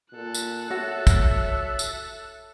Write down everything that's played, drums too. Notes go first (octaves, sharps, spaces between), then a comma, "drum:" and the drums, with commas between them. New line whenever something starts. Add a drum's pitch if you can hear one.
A#2 A4 F#6
drum: tambourine
F#4 C#5 E5
drum: kick, tambourine
drum: tambourine